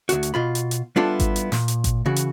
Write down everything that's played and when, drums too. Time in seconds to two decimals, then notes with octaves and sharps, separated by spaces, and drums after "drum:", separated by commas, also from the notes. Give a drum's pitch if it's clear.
0.09 D2 F#4, drum: hi-hat
0.23 drum: hi-hat
0.34 B2 F4 B5
0.55 drum: hi-hat
0.71 drum: hi-hat
0.96 G3 B3 D4 E4 F4 A4
1.20 drum: kick G#1, hi-hat
1.36 drum: hi-hat
1.52 A#2, drum: snare
1.68 drum: hi-hat
1.84 drum: kick G#1, hi-hat
2.06 C#3 E3 F#4
2.16 drum: hi-hat